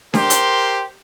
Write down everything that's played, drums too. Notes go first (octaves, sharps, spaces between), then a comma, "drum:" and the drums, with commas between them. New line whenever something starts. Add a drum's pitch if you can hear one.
G4 A#4 C5 C6, drum: snare D4
drum: hi-hat